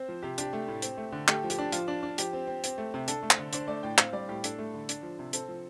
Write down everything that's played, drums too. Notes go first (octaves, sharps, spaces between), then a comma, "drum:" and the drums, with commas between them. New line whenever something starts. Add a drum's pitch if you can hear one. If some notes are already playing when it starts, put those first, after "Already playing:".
Already playing: C4 C5
F3
C3 G4
D4 G4, drum: hi-hat
A3
A2
C4, drum: hi-hat
A3
D3
A3 G4, drum: clap
F3
G4, drum: hi-hat
D4
F3 F4, drum: hi-hat
D4
D4
F3 G4, drum: hi-hat
C4
C4
C4, drum: hi-hat
A3
C3
D4 A4, drum: hi-hat
A3
C5, drum: clap
D3
D4 C5, drum: hi-hat
A3 D5
A2 G5
C4 F5, drum: clap
G3 D5
A2 G4
D4 A4, drum: hi-hat
A3
D3
D4, drum: hi-hat
F3
C3
C4 A4, drum: hi-hat
F3